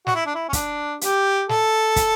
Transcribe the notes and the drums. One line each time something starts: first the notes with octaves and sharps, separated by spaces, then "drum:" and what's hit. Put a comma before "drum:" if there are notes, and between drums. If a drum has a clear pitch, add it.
F#4, drum: snare
E4
D4
E4
C#4
D4, drum: kick, hi-hat
G4, drum: hi-hat
A4, drum: snare
drum: kick, hi-hat